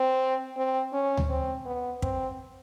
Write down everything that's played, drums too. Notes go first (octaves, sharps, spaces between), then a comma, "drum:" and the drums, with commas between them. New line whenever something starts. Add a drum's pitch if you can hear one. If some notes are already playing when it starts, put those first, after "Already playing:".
Already playing: C4
C4
C#4
drum: tom D2
C4
B3
C4, drum: kick